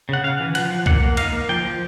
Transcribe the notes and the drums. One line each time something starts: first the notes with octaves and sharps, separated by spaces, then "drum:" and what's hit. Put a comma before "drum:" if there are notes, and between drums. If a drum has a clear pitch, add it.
C#3 F#5
C#3 F5
E3
F3 F#5, drum: cymbal
F3
A#3 F#5, drum: kick C2
A#3
D#4 F5, drum: cymbal
A#3
F3 G5
F3